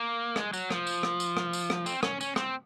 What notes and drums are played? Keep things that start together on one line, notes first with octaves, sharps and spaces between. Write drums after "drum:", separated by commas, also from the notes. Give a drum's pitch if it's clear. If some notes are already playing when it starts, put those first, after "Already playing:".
Already playing: A#3
G#3, drum: rim click
F#3, drum: tambourine
F3, drum: rim click
drum: tambourine
drum: rim click
drum: tambourine
drum: rim click
drum: tambourine
drum: rim click
C4, drum: tambourine
C#4, drum: rim click
C#4, drum: tambourine
C4, drum: rim click